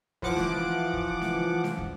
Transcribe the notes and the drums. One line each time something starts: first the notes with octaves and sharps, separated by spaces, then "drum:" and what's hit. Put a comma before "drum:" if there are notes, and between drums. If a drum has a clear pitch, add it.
E3 F3 F#5 D6, drum: kick
drum: snare
drum: kick
drum: snare
drum: snare
drum: kick